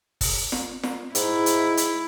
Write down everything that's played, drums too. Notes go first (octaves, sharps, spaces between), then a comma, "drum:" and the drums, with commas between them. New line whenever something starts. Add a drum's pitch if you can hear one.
drum: kick, open hi-hat
drum: snare
drum: snare
G#2 E4, drum: hi-hat
drum: hi-hat
drum: hi-hat